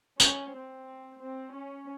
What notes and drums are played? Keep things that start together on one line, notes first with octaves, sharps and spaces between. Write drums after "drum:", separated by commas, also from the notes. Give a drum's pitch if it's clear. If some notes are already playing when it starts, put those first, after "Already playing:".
C#4, drum: tambourine
C4
C4
C#4